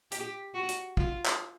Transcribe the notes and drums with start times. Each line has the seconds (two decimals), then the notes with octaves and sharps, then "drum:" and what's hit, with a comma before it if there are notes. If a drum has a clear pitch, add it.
0.12 G4, drum: hi-hat
0.54 F#4
0.69 drum: hi-hat
0.97 F4, drum: kick
1.26 drum: clap